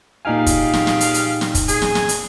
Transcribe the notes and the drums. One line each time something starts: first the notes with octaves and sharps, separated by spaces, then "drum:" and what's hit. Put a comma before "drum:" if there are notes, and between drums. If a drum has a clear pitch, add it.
A#2 G3 D#4 G#4 F5 G#5
drum: kick, hi-hat
drum: snare
drum: snare
drum: hi-hat
drum: hi-hat
drum: snare
drum: kick, hi-hat
G#4, drum: hi-hat
drum: snare
drum: snare
drum: hi-hat